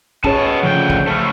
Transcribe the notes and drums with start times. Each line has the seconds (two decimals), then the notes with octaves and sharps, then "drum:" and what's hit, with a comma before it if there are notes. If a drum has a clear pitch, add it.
0.24 B3 C#4 G#4 C#5 A5, drum: kick
0.63 D2 C#3 F3 G5
0.90 drum: kick
1.07 A3 C#4